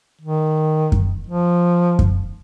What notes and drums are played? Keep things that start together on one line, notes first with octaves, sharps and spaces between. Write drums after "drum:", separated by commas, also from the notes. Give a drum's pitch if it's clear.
D#3
drum: kick F#2
F3
drum: kick F#2